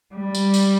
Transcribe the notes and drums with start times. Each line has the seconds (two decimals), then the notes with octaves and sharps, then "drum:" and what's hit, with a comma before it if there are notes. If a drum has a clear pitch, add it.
0.15 G3
0.35 drum: tambourine
0.54 drum: tambourine